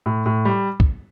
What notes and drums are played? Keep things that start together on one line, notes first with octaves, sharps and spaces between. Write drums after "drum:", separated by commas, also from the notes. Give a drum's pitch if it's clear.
A2
A2
G3
drum: kick